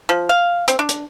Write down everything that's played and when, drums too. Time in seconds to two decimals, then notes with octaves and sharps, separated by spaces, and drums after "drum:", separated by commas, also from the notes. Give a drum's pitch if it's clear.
0.09 F3
0.29 F5
0.68 C4, drum: hi-hat
0.79 D4
0.89 drum: hi-hat